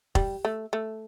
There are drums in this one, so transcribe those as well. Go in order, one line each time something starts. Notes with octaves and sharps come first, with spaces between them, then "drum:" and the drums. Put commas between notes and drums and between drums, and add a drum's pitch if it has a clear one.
G3, drum: kick F1
A3
A3